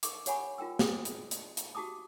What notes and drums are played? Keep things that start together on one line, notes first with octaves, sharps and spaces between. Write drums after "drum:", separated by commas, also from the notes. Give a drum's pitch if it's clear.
A4 A#4 C#6 D6, drum: hi-hat
G4 C#5 F#5 G#5 B5 C#6, drum: hi-hat
F4 A#4 G5 E6
G#4 D#6, drum: snare
drum: hi-hat
drum: hi-hat
drum: hi-hat
F#4 G4 A5 D6 D#6